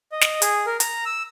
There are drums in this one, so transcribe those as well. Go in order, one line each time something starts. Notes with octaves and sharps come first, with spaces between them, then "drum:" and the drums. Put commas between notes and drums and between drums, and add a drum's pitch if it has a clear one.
D#5
drum: snare
G#4, drum: hi-hat
A#4
A#5, drum: hi-hat
E6